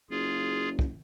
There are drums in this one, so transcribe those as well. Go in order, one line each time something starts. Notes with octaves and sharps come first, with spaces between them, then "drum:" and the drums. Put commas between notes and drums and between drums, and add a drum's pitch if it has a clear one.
F#1 F4 G#4
drum: kick